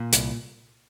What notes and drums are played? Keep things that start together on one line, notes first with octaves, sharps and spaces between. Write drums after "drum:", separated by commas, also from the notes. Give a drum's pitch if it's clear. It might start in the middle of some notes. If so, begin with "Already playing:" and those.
Already playing: A#2
C2, drum: hi-hat